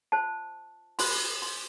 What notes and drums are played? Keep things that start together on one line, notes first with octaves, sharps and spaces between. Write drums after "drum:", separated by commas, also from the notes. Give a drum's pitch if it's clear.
F4 C5 A5
F4 C5 C6, drum: open hi-hat
C6